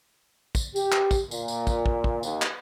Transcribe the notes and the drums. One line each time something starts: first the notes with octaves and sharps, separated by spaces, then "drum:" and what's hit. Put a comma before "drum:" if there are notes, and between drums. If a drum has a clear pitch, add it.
drum: kick, tambourine
G4, drum: tambourine
drum: clap
drum: kick, tambourine
A#2, drum: tambourine
drum: tambourine
drum: kick, tambourine
drum: kick
drum: kick
D#2, drum: tambourine
drum: clap